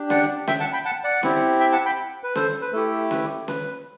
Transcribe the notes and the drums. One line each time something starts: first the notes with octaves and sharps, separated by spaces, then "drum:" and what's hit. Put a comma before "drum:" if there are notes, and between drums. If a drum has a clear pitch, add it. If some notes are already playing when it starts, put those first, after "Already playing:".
Already playing: D4 G4
D5 F#5, drum: snare C#4
E5 G5, drum: snare C#4
F#5 A5
G5 B5
F#5 A5
D5 F#5
C4 E4 G4, drum: snare C#4
E5 G5
F#5 A5
G5 B5
B4
A4 C5, drum: snare C#4
B4
A3 E4 G4 A4
B4, drum: snare C#4
B4, drum: snare C#4